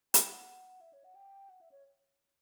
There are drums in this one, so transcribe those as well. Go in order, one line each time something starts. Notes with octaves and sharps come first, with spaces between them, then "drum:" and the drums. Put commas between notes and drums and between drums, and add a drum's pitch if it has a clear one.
G5, drum: hi-hat
F#5
E5
C#5
F#5
G5
F#5
E5
C#5